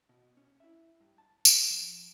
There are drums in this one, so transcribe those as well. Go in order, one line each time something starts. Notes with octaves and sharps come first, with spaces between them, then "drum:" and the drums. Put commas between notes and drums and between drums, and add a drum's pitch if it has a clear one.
B2
C#4
E4 E5
G2
A5
drum: tambourine
F3